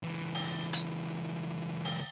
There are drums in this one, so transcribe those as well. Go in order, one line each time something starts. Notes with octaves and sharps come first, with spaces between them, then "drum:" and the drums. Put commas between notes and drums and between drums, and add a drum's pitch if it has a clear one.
C#2 E3
drum: open hi-hat
drum: hi-hat
drum: open hi-hat